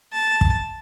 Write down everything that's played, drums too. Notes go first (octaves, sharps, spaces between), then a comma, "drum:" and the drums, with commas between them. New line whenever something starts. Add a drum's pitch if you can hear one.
A5
drum: kick